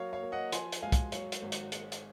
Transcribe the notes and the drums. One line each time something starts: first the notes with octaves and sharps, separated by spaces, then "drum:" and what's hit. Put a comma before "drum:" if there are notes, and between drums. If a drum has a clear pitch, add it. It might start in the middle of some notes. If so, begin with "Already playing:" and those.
Already playing: F#3 A#3 C#5 F5
C#5 F5
A#3
D#5 F#5
F3 G#5 C6, drum: hi-hat
drum: hi-hat
G#3 F5 G#5
drum: kick, hi-hat
F#3 C#5 F5, drum: hi-hat
drum: hi-hat
G#1
drum: hi-hat
G#3, drum: hi-hat
drum: hi-hat